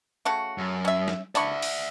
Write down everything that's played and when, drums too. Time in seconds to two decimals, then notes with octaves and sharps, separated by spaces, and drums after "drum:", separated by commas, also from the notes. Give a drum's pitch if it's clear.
0.25 C#3 A3 F#4
0.58 F#2
0.85 C#4 E5
1.08 drum: snare
1.35 D4 E4 D5 E5 C#6, drum: hi-hat
1.62 drum: open hi-hat